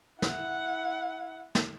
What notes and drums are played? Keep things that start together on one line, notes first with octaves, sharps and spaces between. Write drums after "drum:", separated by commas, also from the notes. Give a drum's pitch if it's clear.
E4 F#5, drum: snare
drum: snare